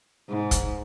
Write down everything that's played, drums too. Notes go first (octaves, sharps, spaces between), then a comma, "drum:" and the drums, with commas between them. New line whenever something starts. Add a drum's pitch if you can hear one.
G#2
drum: kick, hi-hat